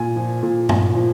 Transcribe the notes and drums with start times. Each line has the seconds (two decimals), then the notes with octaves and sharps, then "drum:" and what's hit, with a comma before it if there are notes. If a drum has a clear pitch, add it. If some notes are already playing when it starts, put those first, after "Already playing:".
Already playing: A#2 G#5
0.16 F3
0.43 A#2
0.69 A#2, drum: tom G2
0.95 F3